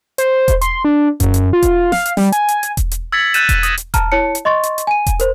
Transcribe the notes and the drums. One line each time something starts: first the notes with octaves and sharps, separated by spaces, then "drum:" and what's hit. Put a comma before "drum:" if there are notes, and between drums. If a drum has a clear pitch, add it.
C5, drum: hi-hat
drum: kick E1, hi-hat
C6, drum: hi-hat
D4
F#2, drum: kick E1, hi-hat
drum: hi-hat
F4
drum: kick E1, hi-hat
F5, drum: snare
drum: hi-hat
G3, drum: snare
G#5, drum: hi-hat
drum: hi-hat
drum: hi-hat
drum: kick E1, hi-hat
drum: hi-hat
E6 G#6 A6 B6 C#7 F#7
E6 F#6 G6 A6 D#7 E7, drum: hi-hat
drum: kick E1, hi-hat
D#6 A#6 E7, drum: hi-hat
drum: hi-hat
A5 A#5 F6, drum: kick E1, hi-hat
E4 C#5 A5 C#7
drum: hi-hat
D#5 C6 C#6 A6
drum: hi-hat
drum: hi-hat
G#5 D#7
drum: kick E1, hi-hat
A#4 C5, drum: hi-hat